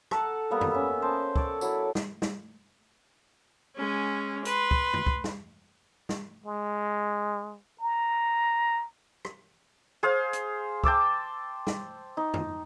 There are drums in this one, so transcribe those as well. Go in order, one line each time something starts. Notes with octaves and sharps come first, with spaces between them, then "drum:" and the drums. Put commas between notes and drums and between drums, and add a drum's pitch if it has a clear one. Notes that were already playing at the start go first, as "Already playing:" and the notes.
A4 F#5 A5 A#5, drum: rim click
G3 A#3 B3
drum: tom
C#4 E5
A#4 C5 A5
A4 C#5 D5, drum: kick
F#3 E4, drum: tambourine
drum: snare
drum: snare
G#3 C#4
B4 C6, drum: hi-hat
drum: kick
drum: tom
drum: kick
drum: snare
drum: snare
G#3
A#5
drum: rim click
G#4 C5 F5
drum: hi-hat
G5 A5 D6 E6, drum: kick
drum: snare
D#4
drum: tom